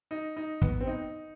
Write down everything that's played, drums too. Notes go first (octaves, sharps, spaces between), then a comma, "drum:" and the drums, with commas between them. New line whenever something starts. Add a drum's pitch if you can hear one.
D#4
D#4
B3, drum: kick
C4
D#4